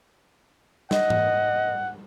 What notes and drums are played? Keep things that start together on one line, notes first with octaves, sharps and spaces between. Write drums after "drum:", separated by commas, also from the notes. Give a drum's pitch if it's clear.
D#5 F#5, drum: snare
drum: tom G#2